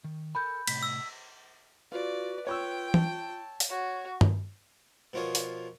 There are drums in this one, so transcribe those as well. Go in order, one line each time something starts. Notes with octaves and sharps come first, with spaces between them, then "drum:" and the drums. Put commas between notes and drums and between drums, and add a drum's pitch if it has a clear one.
D#3
A4 A#4 G#5 B5 G6
A2 C3 B6, drum: cymbal
E6
F4 F#4 B4 D5
F4 C#5 G5 C#6 E6
A5, drum: tom E3
drum: open hi-hat
F#4 C#5 C#6
drum: tom G2
B2 F3 F4 A#4 C#5 D#6
drum: open hi-hat